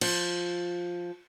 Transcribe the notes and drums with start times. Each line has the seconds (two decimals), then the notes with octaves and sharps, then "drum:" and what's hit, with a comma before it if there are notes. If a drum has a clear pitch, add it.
0.01 F3, drum: cymbal